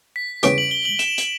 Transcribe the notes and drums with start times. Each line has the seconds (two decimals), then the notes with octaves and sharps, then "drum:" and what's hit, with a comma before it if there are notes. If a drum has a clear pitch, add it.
0.16 B6
0.43 E2 C#3 G3 C#4 G4 D7, drum: hi-hat
0.58 F#7
0.71 G7
0.85 F#7
0.99 E7, drum: hi-hat
1.18 drum: hi-hat